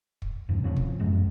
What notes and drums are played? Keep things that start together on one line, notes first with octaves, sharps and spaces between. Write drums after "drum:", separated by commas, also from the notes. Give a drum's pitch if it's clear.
drum: kick
E2 G2 C3
A2 C3 F3 C#4
drum: kick
D1 A1 F#2 G#3